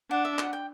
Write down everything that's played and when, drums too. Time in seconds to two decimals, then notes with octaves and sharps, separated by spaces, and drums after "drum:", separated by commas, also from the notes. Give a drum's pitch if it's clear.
0.11 D4 F#5
0.25 E5
0.39 F#5, drum: clap
0.53 G5